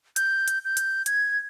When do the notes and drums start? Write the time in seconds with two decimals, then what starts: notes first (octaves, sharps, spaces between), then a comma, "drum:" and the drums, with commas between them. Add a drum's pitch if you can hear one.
0.16 G6, drum: hi-hat
0.48 drum: hi-hat
0.65 G6
0.77 drum: hi-hat
1.06 G#6, drum: hi-hat